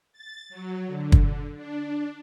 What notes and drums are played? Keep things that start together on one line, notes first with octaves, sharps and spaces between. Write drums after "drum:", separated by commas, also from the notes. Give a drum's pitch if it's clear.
A6
F#3
D3
drum: kick
D4